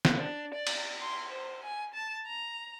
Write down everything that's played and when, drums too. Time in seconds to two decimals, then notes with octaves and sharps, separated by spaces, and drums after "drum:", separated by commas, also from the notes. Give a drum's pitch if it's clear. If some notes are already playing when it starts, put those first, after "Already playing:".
0.05 drum: snare
0.18 D4
0.54 D5
0.67 drum: cymbal
1.01 C6
1.29 C5
1.64 G#5
1.94 A5
2.26 A#5